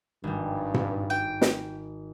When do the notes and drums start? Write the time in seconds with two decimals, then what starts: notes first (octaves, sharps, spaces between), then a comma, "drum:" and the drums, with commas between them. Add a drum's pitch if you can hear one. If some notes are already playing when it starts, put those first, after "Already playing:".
0.24 G#1 G2 G3
0.74 drum: tom G#2
1.10 G5
1.41 drum: snare